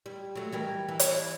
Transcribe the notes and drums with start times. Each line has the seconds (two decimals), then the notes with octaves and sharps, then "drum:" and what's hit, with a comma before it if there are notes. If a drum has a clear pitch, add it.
0.06 G3
0.35 F#3 A3
0.52 E3 G3 A#4
0.89 E3
1.00 drum: hi-hat